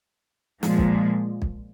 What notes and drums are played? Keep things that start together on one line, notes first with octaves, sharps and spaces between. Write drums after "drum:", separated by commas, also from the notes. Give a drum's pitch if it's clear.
A#2 F3 G#3, drum: snare
drum: kick B1
drum: kick B1